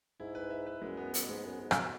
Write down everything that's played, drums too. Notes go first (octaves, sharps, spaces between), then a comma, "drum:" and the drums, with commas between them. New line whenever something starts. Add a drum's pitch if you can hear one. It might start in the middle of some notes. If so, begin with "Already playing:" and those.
G#2 E4
B4
E5
B4
F#2 G#3
B3
F#2 B3, drum: hi-hat
B2
G#2 G#3
F#2 B3
G#2 B3
F#2 F#4, drum: rim click